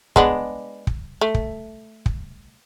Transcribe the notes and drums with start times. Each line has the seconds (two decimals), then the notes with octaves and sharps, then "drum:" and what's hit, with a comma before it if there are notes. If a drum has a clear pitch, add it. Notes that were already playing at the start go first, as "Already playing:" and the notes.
0.16 G#3 B3 D4, drum: kick
0.87 drum: kick
1.21 A3
1.34 drum: kick
2.06 drum: kick